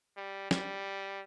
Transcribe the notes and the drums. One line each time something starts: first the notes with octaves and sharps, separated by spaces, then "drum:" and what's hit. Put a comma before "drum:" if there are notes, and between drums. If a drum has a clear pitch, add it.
G3
G3, drum: snare